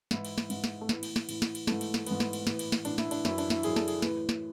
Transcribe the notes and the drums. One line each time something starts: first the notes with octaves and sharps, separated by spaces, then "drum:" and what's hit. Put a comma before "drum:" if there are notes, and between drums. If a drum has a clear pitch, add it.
G#2 E3 E4, drum: snare
drum: cymbal
drum: snare
G#2 E3, drum: cymbal
drum: snare
A3
A2 E3 B3, drum: snare
drum: cymbal
drum: snare
A2 E3, drum: cymbal
drum: snare
drum: cymbal
G#2 E3 A3, drum: snare
drum: cymbal
drum: snare
G#2 E3 B3, drum: cymbal
drum: snare
drum: cymbal
A2 E3, drum: snare
drum: cymbal
drum: snare
A2 E3 D4, drum: cymbal
E4, drum: snare
D4, drum: cymbal
F#2 E3 E4, drum: snare
D4, drum: cymbal
E4, drum: snare
F#2 E3 G#4, drum: cymbal
A4, drum: snare
G#4, drum: cymbal
A2 E3 B4, drum: snare
drum: snare